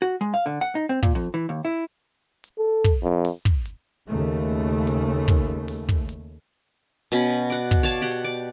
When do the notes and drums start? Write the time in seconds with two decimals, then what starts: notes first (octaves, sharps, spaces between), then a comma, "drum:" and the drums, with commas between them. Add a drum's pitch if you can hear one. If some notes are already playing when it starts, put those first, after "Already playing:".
0.02 F#4
0.21 G#3
0.34 F5
0.46 D3
0.61 F#5
0.75 D#4
0.89 C4
1.03 A#2, drum: kick
1.15 F2
1.34 E3
1.49 D#2
1.65 E4
2.44 drum: hi-hat
2.58 A4
2.84 drum: kick, hi-hat
3.02 F2
3.25 drum: open hi-hat
3.45 drum: kick
3.66 drum: hi-hat
4.08 D#2 C#3 A3
4.87 drum: hi-hat
5.28 drum: kick, hi-hat
5.68 drum: open hi-hat
5.89 drum: kick
6.09 drum: hi-hat
7.12 B2 C#4 B5
7.31 drum: hi-hat
7.50 D5 F#5
7.71 drum: kick, hi-hat
7.83 C#5 D5 F5 A5
8.02 G4 F#5
8.12 drum: open hi-hat
8.24 D5